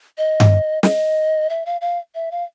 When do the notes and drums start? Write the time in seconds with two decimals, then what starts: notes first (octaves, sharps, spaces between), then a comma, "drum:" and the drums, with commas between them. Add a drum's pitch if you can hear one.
0.18 D#5
0.40 drum: tom G2
0.83 D#5, drum: snare
1.50 E5
1.66 F5
1.81 F5
2.15 E5
2.31 F5